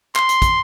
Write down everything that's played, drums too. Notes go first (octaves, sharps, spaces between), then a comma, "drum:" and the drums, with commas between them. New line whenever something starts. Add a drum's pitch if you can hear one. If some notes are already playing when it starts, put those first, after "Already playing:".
C6, drum: clap
drum: hi-hat
drum: kick, hi-hat